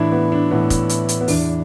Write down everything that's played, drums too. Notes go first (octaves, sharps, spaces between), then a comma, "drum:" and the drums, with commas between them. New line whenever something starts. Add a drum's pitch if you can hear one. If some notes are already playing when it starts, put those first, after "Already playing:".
Already playing: A2 E3 D4 E4
B3
D4
A2 E3 B3
drum: kick F1, hi-hat
drum: hi-hat
drum: hi-hat
B3
E2 E3 D4, drum: open hi-hat